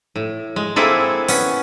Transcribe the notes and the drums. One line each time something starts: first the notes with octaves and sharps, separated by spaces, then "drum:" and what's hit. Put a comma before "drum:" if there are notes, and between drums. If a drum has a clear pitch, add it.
A2
G#3
A#3 C4 E4 G#4 A4
B3 C#4, drum: open hi-hat